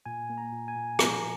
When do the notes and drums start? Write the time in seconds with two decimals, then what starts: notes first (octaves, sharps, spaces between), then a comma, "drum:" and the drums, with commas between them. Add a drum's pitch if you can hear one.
0.06 A#2 G#5
0.30 A#3
0.38 A#5
0.52 A#2
0.68 G#5
0.76 A#2
0.99 F3 A#5, drum: rim click